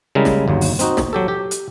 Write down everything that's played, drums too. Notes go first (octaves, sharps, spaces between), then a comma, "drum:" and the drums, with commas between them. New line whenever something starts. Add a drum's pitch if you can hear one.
C#3 G3 G#3 E4 A#4
drum: snare
G1 D#2 F#3
drum: open hi-hat
C4 D#4 F#4, drum: hi-hat
drum: snare
F#3 G4 A4
G4
drum: hi-hat